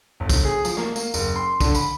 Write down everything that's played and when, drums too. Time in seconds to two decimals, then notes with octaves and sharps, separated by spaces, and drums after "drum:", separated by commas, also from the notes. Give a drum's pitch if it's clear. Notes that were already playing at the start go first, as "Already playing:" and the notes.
0.20 G1
0.29 drum: kick, tambourine
0.45 G#4
0.65 F3, drum: tambourine
0.77 A#3, drum: rim click
0.96 A#3, drum: tambourine
1.14 F#1, drum: tambourine
1.36 C6
1.60 D3, drum: kick, tambourine
1.75 B5, drum: tambourine